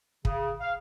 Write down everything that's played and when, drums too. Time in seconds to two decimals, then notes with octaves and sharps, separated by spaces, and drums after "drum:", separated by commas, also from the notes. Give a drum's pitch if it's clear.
0.25 C#3, drum: kick
0.61 F5